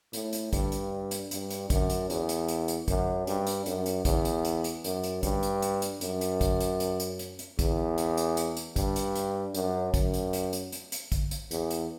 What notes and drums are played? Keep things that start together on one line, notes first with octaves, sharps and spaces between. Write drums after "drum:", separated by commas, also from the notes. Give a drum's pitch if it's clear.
A2, drum: hi-hat
drum: hi-hat
G2, drum: kick, hi-hat
drum: hi-hat
drum: hi-hat
G2, drum: hi-hat
drum: hi-hat
F#2, drum: kick, hi-hat
drum: hi-hat
E2, drum: hi-hat
drum: hi-hat
drum: hi-hat
drum: hi-hat
F#2, drum: kick, hi-hat
G2, drum: hi-hat
drum: hi-hat
F#2, drum: hi-hat
drum: hi-hat
E2, drum: kick, hi-hat
drum: hi-hat
drum: hi-hat
drum: hi-hat
F#2, drum: hi-hat
drum: hi-hat
G2, drum: kick, hi-hat
drum: hi-hat
drum: hi-hat
drum: hi-hat
F#2, drum: hi-hat
drum: hi-hat
drum: kick, hi-hat
drum: hi-hat
drum: hi-hat
drum: hi-hat
drum: hi-hat
drum: hi-hat
E2, drum: kick, hi-hat
drum: hi-hat
drum: hi-hat
drum: hi-hat
drum: hi-hat
G2, drum: kick, hi-hat
drum: hi-hat
drum: hi-hat
F#2, drum: hi-hat
F#2, drum: kick, hi-hat
drum: hi-hat
drum: hi-hat
drum: hi-hat
drum: hi-hat
drum: hi-hat
drum: kick, hi-hat
drum: hi-hat
E2, drum: hi-hat
drum: hi-hat